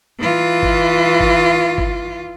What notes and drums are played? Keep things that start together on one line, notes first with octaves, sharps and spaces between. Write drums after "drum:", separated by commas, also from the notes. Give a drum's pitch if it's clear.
E3 F4
drum: kick
drum: kick
drum: kick